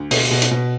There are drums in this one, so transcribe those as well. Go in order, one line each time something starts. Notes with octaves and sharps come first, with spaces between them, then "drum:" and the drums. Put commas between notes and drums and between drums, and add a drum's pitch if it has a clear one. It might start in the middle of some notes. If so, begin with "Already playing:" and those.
Already playing: D2
B2, drum: open hi-hat
B2
drum: hi-hat
B2